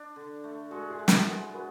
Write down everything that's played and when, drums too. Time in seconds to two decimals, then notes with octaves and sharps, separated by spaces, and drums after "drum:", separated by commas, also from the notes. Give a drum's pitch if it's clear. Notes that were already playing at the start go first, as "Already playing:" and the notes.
Already playing: D4
0.16 D3
0.44 A3
0.71 G#3 F#4 A4
0.90 E4 G#4
0.99 G#3
1.08 F#4 A4, drum: snare
1.26 B3 G#4 B4
1.54 F#4 G#4 B4